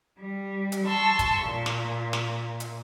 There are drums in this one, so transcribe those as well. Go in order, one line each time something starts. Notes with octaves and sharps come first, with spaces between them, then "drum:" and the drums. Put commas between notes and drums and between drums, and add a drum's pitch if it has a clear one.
G3
drum: hi-hat
A5 C6 C#6 E6
drum: kick, hi-hat
A#2
drum: snare
drum: snare
drum: hi-hat